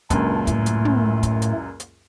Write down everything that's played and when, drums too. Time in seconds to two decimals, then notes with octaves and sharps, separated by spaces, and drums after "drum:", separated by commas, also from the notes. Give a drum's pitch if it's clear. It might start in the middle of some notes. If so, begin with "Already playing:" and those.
0.10 C#2 F#2 A#2 D4, drum: kick, hi-hat
0.47 A2 A3, drum: kick, hi-hat
0.66 drum: hi-hat
0.85 drum: tom
1.23 drum: kick, hi-hat
1.42 drum: hi-hat
1.80 drum: hi-hat